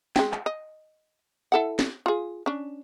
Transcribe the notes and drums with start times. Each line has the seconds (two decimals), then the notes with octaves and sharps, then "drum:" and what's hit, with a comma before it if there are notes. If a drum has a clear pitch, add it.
0.16 G#3 G5, drum: snare
0.32 drum: clap
0.46 D#5
1.52 E4 A4 F#5
1.79 drum: snare
2.06 F4 G#4
2.46 C#4 D4